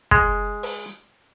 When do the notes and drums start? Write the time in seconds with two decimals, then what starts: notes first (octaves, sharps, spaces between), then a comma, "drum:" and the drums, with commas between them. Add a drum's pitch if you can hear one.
0.11 G#3, drum: kick
0.63 drum: open hi-hat